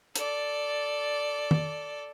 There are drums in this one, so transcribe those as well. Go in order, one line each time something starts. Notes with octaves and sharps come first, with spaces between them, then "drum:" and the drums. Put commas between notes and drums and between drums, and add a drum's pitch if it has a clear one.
A4 D5, drum: hi-hat
drum: tom D#3